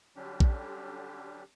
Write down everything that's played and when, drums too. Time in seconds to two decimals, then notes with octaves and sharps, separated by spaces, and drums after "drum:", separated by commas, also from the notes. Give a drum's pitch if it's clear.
0.16 D3 F#3 G3 C#4 D4 G4
0.40 drum: kick A#1